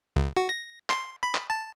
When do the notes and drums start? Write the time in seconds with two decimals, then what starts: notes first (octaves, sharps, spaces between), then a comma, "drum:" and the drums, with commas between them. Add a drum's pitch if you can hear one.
0.16 C#2
0.36 F#4
0.49 A#6
0.90 C6, drum: clap
1.23 B5
1.35 drum: clap
1.50 A5